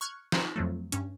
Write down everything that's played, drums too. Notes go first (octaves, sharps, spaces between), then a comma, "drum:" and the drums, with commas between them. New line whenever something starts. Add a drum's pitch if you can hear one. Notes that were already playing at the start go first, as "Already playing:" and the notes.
C#6 F6 F#6 G#6
D#4 F4 C5, drum: snare
F2 F3 F#3 A3
G2 C#4, drum: hi-hat